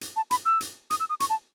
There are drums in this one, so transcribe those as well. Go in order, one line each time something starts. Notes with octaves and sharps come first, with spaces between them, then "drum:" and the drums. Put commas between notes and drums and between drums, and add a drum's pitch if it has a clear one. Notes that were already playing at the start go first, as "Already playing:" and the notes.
drum: hi-hat
A5
B5, drum: hi-hat
E6
drum: hi-hat
D#6, drum: hi-hat
E6
D#6
C#6, drum: hi-hat
A5